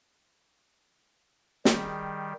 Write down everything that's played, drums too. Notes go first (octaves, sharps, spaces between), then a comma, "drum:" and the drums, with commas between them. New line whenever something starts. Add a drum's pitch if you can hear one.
D#3 G3 G#4 G5, drum: snare